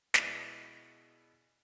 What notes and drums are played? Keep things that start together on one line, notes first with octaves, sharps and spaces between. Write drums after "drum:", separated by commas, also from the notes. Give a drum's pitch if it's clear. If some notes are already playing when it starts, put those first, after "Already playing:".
B2 G#3 B3 E4 D5, drum: snare